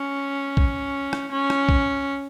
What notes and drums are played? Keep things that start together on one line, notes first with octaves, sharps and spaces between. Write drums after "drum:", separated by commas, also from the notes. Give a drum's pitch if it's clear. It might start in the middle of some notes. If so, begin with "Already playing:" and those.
Already playing: C#4
drum: kick A#1
drum: rim click
C#4
drum: rim click
drum: kick A#1